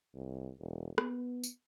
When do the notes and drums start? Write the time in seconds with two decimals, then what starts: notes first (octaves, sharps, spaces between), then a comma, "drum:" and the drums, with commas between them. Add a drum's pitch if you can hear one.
0.14 C2
0.59 E1
0.98 B3, drum: rim click
1.44 drum: tambourine